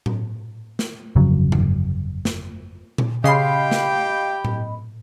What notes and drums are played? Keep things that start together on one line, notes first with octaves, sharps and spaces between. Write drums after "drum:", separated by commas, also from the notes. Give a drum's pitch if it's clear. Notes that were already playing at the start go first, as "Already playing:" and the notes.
drum: tom A2
drum: snare
G1 F2 C#3 F#3
drum: tom G2
drum: snare
drum: tom A#2
C#3 G4 D#5 F5 G5 B5 C6 C7
drum: snare
drum: tom A2